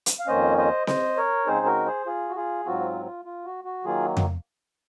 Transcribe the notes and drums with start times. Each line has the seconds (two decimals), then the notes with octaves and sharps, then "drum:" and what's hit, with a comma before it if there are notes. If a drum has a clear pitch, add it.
0.06 drum: hi-hat
0.20 F5
0.27 F2 D#3 A#3 C#4 C5 D#5
0.58 C5 D#5
0.87 C5 D#5, drum: snare C4
1.17 A#4 C#5
1.47 C#3 G#3 C4 D#4 G#4 C5
1.66 F#4 A#4
1.86 G#4 C5
2.06 F4 G#4
2.29 F#4
2.36 F4 G#4
2.65 G#2 F#3 C4 F4 F#4
3.06 F4
3.25 F4
3.45 F#4
3.64 F#4
3.84 D#3 F#3 A#3 F4 G#4
4.17 drum: tom F2